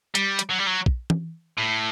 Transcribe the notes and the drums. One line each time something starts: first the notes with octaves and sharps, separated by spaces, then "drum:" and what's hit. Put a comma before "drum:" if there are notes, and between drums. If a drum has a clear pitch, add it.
G3, drum: hi-hat
drum: hi-hat
F#3
G3
F#3
drum: kick
drum: tom
A2